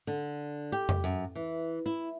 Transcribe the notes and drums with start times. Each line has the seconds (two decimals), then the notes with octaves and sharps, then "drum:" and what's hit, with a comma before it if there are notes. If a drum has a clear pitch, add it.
0.07 D3
0.72 G4
0.89 drum: tom F2
1.04 F#2
1.35 E3
1.86 E4